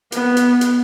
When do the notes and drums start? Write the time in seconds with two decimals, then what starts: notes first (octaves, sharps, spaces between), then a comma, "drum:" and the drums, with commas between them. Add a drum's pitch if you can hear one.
0.12 B3, drum: hi-hat
0.37 drum: hi-hat
0.61 drum: hi-hat